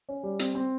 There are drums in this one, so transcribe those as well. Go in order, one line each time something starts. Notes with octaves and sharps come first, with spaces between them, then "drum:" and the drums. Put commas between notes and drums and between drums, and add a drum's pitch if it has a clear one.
C#4
G3
C4, drum: hi-hat
C4